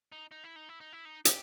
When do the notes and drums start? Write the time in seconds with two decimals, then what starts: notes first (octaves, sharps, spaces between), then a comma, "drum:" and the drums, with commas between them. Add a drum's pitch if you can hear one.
0.12 D#4
0.31 D#4
0.44 E4
0.56 D#4
0.69 E4
0.80 D#4
0.93 E4
1.05 D#4
1.25 G4, drum: hi-hat